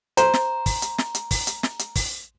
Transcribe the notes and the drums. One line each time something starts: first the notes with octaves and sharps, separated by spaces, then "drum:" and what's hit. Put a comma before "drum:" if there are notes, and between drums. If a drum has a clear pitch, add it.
C5 A#5, drum: hi-hat
drum: snare
drum: kick, open hi-hat
drum: hi-hat
drum: snare
drum: hi-hat
drum: kick, open hi-hat
drum: hi-hat
drum: snare
drum: hi-hat
drum: kick, open hi-hat